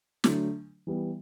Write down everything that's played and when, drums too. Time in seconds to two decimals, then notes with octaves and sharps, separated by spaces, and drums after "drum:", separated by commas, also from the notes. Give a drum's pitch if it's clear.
0.24 D3 F#3 A3 D4, drum: snare
0.87 E3 G3 B3